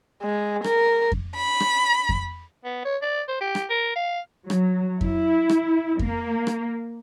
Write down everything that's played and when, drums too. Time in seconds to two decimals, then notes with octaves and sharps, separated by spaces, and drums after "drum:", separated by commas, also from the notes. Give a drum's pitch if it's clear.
0.22 G#3
0.64 A#4, drum: rim click
1.12 drum: kick F2
1.35 B5
1.60 drum: rim click
2.09 drum: kick F2
2.65 B3
2.85 C#5
3.02 D5
3.28 C5
3.41 G4
3.55 drum: rim click
3.70 A#4
3.96 F5
4.50 F#3, drum: rim click
5.01 E4, drum: kick F2
5.49 drum: rim click
5.99 A#3, drum: kick F2
6.47 drum: rim click